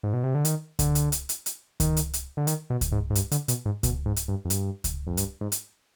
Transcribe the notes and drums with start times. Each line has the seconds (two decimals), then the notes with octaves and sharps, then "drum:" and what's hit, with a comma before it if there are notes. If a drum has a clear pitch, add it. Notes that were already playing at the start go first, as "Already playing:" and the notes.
0.03 G#2
0.13 B2
0.24 C3
0.35 D3
0.45 D#3, drum: hi-hat
0.79 D3, drum: kick C#2, hi-hat
0.95 drum: hi-hat
1.12 drum: hi-hat
1.29 drum: hi-hat
1.46 drum: hi-hat
1.80 D#3, drum: kick C#2, hi-hat
1.97 drum: hi-hat
2.13 drum: hi-hat
2.37 D3
2.47 D#3, drum: hi-hat
2.70 B2
2.81 drum: kick C#2, hi-hat
2.92 G#2
3.10 G#2
3.15 G2, drum: hi-hat
3.31 D3, drum: hi-hat
3.48 B2, drum: hi-hat
3.65 G#2
3.83 B2, drum: kick C#2, hi-hat
4.06 G#2
4.16 drum: hi-hat
4.28 G2
4.45 F2
4.50 G2, drum: hi-hat
4.84 drum: kick C#2, hi-hat
5.07 F2
5.17 G2, drum: hi-hat
5.41 G#2
5.52 drum: hi-hat